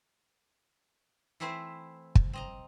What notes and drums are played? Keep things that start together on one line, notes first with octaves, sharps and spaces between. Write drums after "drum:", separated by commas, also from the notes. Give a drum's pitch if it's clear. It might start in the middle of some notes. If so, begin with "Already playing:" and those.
E3 A3 C4 E4 C5 E5
drum: kick
C4 D#5 A#5